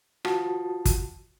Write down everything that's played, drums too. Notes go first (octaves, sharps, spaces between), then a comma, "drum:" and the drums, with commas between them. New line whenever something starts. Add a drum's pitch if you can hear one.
F4 F#4 A5, drum: rim click
drum: kick, hi-hat